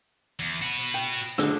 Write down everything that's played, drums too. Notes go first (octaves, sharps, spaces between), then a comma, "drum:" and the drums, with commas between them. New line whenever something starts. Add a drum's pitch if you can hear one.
E2
F#4 B4, drum: tambourine
drum: tambourine
G5
drum: tambourine
D3 G#3, drum: rim click